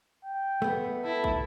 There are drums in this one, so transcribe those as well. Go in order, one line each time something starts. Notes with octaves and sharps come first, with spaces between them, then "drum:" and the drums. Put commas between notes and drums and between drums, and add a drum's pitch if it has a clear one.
G5
A3 B3
E4 A4
drum: kick